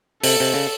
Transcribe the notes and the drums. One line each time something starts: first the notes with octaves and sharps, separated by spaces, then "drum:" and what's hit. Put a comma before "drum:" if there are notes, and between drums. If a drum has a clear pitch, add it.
C3 A4, drum: open hi-hat
C3
C#3